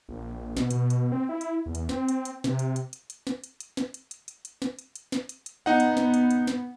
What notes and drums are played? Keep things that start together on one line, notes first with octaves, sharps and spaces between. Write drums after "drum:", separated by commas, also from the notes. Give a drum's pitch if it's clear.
A#1
B2, drum: snare
B2, drum: hi-hat
drum: hi-hat
C4
E4
drum: hi-hat
E2
drum: hi-hat
C4, drum: snare
drum: hi-hat
drum: hi-hat
C3, drum: snare
drum: hi-hat
drum: hi-hat
drum: hi-hat
drum: hi-hat
drum: snare
drum: hi-hat
drum: hi-hat
drum: snare
drum: hi-hat
drum: hi-hat
drum: hi-hat
drum: hi-hat
drum: snare
drum: hi-hat
drum: hi-hat
drum: snare
drum: hi-hat
drum: hi-hat
B3 D#4 F#5
drum: hi-hat
drum: snare
drum: hi-hat
drum: hi-hat
drum: snare